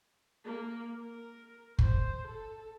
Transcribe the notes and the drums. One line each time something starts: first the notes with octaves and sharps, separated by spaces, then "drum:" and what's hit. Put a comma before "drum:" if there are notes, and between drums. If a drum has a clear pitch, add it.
A#3
A#4
C5, drum: kick
A4